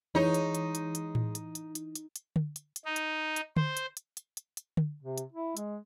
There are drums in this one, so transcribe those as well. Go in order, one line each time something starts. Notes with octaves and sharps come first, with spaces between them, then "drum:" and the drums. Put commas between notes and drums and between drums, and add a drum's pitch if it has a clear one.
E3 G#3 D#4 C#5
drum: hi-hat
drum: hi-hat
drum: hi-hat
drum: hi-hat
drum: tom A2
drum: hi-hat
drum: hi-hat
drum: hi-hat
drum: hi-hat
drum: hi-hat
drum: tom D3
drum: hi-hat
drum: hi-hat
D#4
drum: hi-hat
drum: hi-hat
C5, drum: tom D3
drum: hi-hat
drum: hi-hat
drum: hi-hat
drum: hi-hat
drum: hi-hat
drum: tom D3
C3
drum: hi-hat
E4
G#3, drum: hi-hat